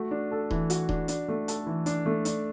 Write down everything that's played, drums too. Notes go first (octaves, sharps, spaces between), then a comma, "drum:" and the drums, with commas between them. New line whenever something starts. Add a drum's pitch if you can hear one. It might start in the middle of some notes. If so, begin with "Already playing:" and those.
Already playing: A3 F#4
D4
A4
E3, drum: kick D#1
F#4, drum: hi-hat
D4, drum: kick D#1
D4, drum: hi-hat
A3
A4, drum: hi-hat
E3
D4, drum: hi-hat
A3
D4, drum: hi-hat